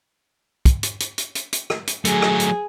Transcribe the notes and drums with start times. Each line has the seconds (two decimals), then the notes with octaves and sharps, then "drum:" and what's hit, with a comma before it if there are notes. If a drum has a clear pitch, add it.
0.65 drum: kick, hi-hat
0.83 drum: hi-hat
1.00 drum: hi-hat
1.18 drum: hi-hat
1.35 drum: hi-hat
1.53 drum: hi-hat
1.70 drum: rim click
1.87 drum: hi-hat
2.05 F#3 A3 G#4, drum: hi-hat
2.22 drum: rim click
2.40 drum: hi-hat